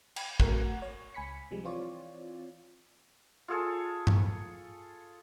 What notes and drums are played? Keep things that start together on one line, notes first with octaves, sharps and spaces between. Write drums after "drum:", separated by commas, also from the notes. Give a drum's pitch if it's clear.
G5 G#5 B5, drum: cymbal
A3 F#4 A#4 F#5, drum: kick
C#5
C#2 G#5 B5 B6 C#7
C3 F3 G3 G#3
E3 C4 F4 C#5 D5
F4 G#4 A4 C#5
drum: tom G2